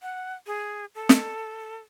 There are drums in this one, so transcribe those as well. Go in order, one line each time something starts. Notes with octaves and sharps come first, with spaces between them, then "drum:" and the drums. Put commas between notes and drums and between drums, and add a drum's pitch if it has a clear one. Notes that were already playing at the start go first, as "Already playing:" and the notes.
F#5
G#4
A4
drum: snare